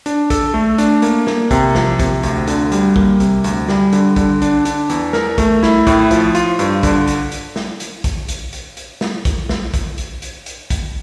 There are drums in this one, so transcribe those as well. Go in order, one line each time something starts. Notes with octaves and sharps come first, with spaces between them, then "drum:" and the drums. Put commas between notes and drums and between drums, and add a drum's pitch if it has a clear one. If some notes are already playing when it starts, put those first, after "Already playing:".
D4, drum: hi-hat
A4, drum: kick, hi-hat
A3
D4, drum: hi-hat
A#3, drum: hi-hat
A#3, drum: snare
C3, drum: kick, hi-hat
F3, drum: snare
C3, drum: kick, hi-hat
D2, drum: hi-hat
D3, drum: hi-hat
G3, drum: hi-hat
A#3, drum: kick
C3, drum: hi-hat
D2, drum: hi-hat
G3, drum: snare
D3, drum: hi-hat
D3, drum: kick, hi-hat
D4, drum: hi-hat
D4, drum: hi-hat
E2, drum: hi-hat
A#4, drum: snare
A3, drum: kick, hi-hat
E4, drum: snare
A2, drum: kick, hi-hat
F3, drum: hi-hat
F4, drum: hi-hat
G2, drum: hi-hat
D3, drum: kick, hi-hat
drum: hi-hat
drum: hi-hat
drum: snare
drum: hi-hat
drum: kick, hi-hat
drum: hi-hat
drum: hi-hat
drum: hi-hat
drum: snare
drum: kick, hi-hat
drum: snare
drum: kick, hi-hat
drum: hi-hat
drum: hi-hat
drum: hi-hat
drum: kick, hi-hat